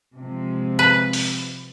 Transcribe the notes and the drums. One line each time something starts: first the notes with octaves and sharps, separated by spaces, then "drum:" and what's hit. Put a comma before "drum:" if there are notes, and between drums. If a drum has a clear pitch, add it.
C3 F3 G#3
B4
drum: open hi-hat